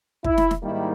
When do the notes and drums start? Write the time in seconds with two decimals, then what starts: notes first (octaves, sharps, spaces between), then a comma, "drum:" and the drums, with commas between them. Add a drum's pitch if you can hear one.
0.24 E4, drum: kick
0.38 drum: snare
0.51 drum: snare
0.63 G#2 D#3 G3 A#3 E4